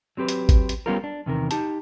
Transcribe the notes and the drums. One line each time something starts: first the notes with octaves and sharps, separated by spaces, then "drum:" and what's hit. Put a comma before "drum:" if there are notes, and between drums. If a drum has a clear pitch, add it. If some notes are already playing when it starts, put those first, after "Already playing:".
F#3 C4 G4 B4
drum: hi-hat
drum: kick G#1, hi-hat
drum: hi-hat
G3 B3 C#4 F4 G4 A#4
D4
E2 C3 D#3 A#4
D#4 G4 A5, drum: hi-hat